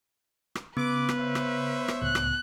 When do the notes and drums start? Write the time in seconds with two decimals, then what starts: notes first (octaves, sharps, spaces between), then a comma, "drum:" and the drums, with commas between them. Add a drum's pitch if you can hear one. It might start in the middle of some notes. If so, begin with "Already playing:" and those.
0.55 drum: rim click
0.77 C#3 B3 B4 D6
1.09 drum: rim click
1.19 C5 C#5 E5
1.35 drum: rim click
1.88 drum: rim click
2.02 C#2 A2 F#6
2.15 drum: rim click